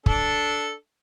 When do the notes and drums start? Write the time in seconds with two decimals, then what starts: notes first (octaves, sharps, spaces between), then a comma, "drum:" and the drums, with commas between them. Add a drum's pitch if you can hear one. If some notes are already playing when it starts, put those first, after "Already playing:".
0.06 D4 A4, drum: kick